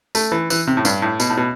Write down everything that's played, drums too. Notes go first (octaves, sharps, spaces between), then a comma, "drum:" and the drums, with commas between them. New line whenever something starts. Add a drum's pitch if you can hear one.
A3, drum: tambourine
E3
E3, drum: tambourine
C3
A2
G2, drum: tambourine
A2
B2, drum: tambourine
A2
B2